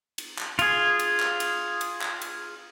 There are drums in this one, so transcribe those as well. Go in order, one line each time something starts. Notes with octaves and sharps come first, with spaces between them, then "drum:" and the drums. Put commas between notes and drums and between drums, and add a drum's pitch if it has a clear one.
drum: cymbal
drum: clap
F4 G#4, drum: cymbal
drum: cymbal
drum: clap
drum: cymbal
drum: cymbal
drum: clap
drum: cymbal